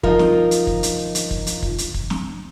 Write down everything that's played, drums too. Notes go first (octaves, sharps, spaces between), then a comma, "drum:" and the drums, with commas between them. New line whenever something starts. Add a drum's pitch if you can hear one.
F3 D#4 F4 A#4, drum: kick
drum: snare
drum: hi-hat
drum: kick
drum: hi-hat
drum: hi-hat
drum: kick
drum: hi-hat
drum: kick
drum: hi-hat
drum: kick
drum: snare